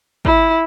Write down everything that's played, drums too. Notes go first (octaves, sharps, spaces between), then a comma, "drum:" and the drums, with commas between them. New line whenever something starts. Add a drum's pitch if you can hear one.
E4, drum: kick